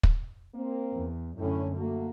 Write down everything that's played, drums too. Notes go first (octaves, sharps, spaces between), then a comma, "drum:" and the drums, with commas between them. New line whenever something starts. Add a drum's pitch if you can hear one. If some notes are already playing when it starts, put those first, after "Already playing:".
drum: kick
A#3 C4
E2
F#2 A2 D3 C#4
A3 A#3 F#4